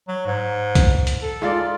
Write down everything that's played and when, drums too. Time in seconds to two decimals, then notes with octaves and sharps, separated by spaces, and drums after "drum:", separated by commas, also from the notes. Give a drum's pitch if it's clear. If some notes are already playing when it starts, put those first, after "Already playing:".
0.08 F#3
0.26 G#2
0.75 drum: kick, hi-hat
1.07 drum: hi-hat
1.23 A4
1.42 G#2 F4 D5